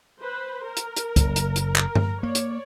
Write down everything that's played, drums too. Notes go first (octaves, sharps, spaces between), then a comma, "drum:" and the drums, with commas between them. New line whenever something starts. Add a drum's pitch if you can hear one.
B4 C5
A#4
drum: hi-hat
drum: hi-hat
F#1, drum: kick C#2, hi-hat
drum: hi-hat
drum: hi-hat
drum: clap
drum: tom G2
A#3 C#5 D5
drum: hi-hat